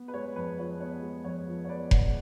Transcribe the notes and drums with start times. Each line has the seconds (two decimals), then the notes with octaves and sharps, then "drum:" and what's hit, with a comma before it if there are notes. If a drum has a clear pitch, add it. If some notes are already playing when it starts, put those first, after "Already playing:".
Already playing: B3
0.08 B4
0.14 G#3 C#5
0.36 F2 B4
0.58 F3 C#5
0.80 B3 C#5
1.02 G#3
1.25 F2 C#5
1.47 F3
1.65 C#5
1.69 B3 B4 D5
1.91 G#3 D5 F#5, drum: kick F1